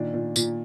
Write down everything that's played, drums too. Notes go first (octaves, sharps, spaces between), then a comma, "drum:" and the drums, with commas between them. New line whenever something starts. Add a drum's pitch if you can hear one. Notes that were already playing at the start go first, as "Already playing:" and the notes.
Already playing: A#2 D#3 D4
A#2
A#2, drum: tambourine